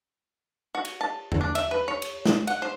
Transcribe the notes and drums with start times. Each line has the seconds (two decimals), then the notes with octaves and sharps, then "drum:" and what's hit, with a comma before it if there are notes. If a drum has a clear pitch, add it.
0.75 F#4
0.85 drum: cymbal
1.01 A5
1.32 drum: tom E2
1.41 D4
1.55 E5, drum: cymbal
1.71 B4
1.88 C#5
2.02 drum: cymbal
2.25 drum: snare
2.47 F#5, drum: cymbal
2.62 C5